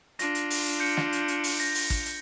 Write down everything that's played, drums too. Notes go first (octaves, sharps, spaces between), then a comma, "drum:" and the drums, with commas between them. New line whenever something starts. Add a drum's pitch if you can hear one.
D4 F4 A#6, drum: hi-hat
drum: hi-hat
drum: open hi-hat
drum: hi-hat
G6 C#7
drum: snare
drum: hi-hat
drum: hi-hat
drum: open hi-hat
A#6, drum: hi-hat
drum: open hi-hat
drum: kick, hi-hat
drum: hi-hat